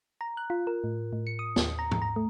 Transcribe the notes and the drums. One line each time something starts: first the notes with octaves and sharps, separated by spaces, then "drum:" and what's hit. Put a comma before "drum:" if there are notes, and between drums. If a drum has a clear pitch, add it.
A#5
F#6
F4
A#4
A2
A2
C#7
D#6
D#2, drum: snare
A#5
drum: tom
A#5
A3